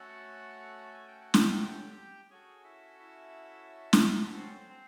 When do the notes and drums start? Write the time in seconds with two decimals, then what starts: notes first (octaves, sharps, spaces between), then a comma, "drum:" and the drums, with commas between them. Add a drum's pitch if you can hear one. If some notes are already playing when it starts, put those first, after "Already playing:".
Already playing: A3 C#4 F#4 A4 F#5
0.94 G#5
1.07 G5
1.21 F#5
1.34 G4 G5, drum: snare
2.30 C#4 F#4 G#4 A4 G#5
2.64 E4 E5
2.99 E4 E5
3.93 drum: snare
4.35 C4 C5
4.69 C4 C5